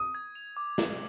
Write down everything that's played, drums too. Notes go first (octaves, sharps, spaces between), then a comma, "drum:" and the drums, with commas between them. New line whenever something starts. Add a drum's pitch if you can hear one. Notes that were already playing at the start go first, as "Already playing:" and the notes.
Already playing: D#6
G#6
F7
D6
F#7, drum: snare